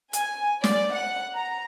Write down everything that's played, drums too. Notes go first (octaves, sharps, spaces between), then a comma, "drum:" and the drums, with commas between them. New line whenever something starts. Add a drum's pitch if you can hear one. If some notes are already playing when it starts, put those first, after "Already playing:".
G#5, drum: hi-hat
D5, drum: snare
F#5
A#5